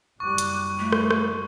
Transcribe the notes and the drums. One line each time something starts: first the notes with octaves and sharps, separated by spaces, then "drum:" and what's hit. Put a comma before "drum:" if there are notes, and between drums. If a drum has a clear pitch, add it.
F#1 G3 C#6 D6 F#6
drum: hi-hat
A3 F4
drum: rim click
drum: rim click